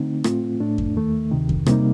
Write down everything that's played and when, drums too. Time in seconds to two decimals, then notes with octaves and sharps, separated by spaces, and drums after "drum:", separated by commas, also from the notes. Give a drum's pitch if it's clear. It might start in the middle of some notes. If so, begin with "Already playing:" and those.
Already playing: D3 A3 C4 D#4
0.24 A2 A3 C4 F4, drum: rim click
0.60 A2 A3 D4
0.78 drum: kick F2
0.96 D#2 D#3 A3
1.31 D2 C3 D#3
1.49 drum: kick F2
1.66 C3 G3 A#3 D#4, drum: rim click